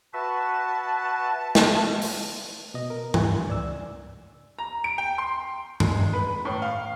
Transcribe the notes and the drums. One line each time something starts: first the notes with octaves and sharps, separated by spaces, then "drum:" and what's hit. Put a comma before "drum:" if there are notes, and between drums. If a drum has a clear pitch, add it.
F#4 B4 E5 A5
drum: snare
drum: open hi-hat
B2 D#5
A#4
G2 E3 G#5, drum: tom G#2
C#2 D5 E6
A#5
D7
G5
C6
G#3, drum: tom G2
B4
A2
F5